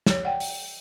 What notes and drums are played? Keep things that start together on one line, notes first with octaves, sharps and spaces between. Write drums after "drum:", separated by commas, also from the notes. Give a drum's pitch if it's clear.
G4 C#5, drum: snare
D5 F#5 G5
drum: open hi-hat